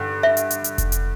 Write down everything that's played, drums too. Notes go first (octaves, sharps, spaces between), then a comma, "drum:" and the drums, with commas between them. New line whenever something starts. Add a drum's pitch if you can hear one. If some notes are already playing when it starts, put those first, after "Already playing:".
Already playing: G2 D3
E5
drum: hi-hat
drum: hi-hat
drum: hi-hat
drum: kick F1, hi-hat
drum: hi-hat